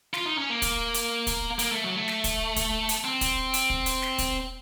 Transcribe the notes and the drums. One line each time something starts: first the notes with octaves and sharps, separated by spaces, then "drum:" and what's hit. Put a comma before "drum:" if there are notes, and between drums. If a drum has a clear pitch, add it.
F4, drum: snare
D#4
C#4
A#3
drum: kick, hi-hat
drum: hi-hat
drum: kick, hi-hat
A#3, drum: hi-hat
A3
F#3
A3
drum: snare
drum: kick, hi-hat
drum: kick, hi-hat
drum: hi-hat
C4
drum: kick, hi-hat
drum: hi-hat
drum: kick
drum: hi-hat
drum: snare
drum: kick, hi-hat